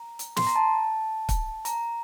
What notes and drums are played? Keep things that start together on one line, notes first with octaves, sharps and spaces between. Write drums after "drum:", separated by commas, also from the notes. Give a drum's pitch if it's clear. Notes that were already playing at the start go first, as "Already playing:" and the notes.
Already playing: A#5
drum: hi-hat
C6, drum: snare
A#5
A5
drum: kick, hi-hat
A#5, drum: hi-hat